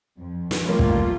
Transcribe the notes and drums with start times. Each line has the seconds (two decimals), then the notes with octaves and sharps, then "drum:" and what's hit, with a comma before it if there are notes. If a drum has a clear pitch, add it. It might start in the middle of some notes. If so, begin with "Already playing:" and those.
0.16 F2
0.51 drum: snare
0.65 F1 G3 A3 A#3 F4
0.79 drum: kick